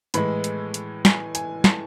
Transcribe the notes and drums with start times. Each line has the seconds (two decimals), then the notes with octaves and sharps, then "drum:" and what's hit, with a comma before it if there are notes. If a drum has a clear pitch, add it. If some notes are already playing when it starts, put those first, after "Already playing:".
0.14 A2 E3 G#3 B5, drum: hi-hat
0.44 drum: hi-hat
0.74 drum: hi-hat
1.05 G#5, drum: snare
1.35 G#5, drum: hi-hat
1.64 A5, drum: snare